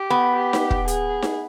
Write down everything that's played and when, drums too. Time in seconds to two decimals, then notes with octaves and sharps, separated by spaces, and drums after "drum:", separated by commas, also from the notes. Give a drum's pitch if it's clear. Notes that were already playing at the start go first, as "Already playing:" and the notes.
Already playing: G4
0.10 B3
0.36 G4
0.53 drum: snare D#4
0.71 drum: kick
0.88 G#4, drum: hi-hat
1.22 drum: snare D#4